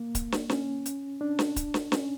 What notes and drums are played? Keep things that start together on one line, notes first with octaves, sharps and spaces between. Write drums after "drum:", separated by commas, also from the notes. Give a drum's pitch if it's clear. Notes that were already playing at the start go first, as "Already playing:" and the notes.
Already playing: A#3
drum: kick D1, hi-hat
drum: snare
C#4, drum: snare
drum: hi-hat
D4
drum: snare
drum: kick D1, hi-hat
drum: snare
C#4, drum: snare